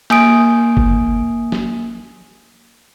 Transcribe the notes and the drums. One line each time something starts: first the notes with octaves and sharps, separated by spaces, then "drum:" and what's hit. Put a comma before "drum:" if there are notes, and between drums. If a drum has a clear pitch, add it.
A#3 G#5 D#6 D7, drum: cymbal
drum: kick F#1
drum: snare